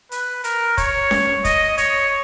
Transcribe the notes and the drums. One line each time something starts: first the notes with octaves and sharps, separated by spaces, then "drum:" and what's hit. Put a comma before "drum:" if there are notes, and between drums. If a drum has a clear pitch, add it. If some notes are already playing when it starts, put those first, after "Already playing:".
B4, drum: hi-hat
A#4, drum: hi-hat
C#5, drum: kick, hi-hat
drum: snare C#4
D#5, drum: kick, hi-hat
C#5, drum: hi-hat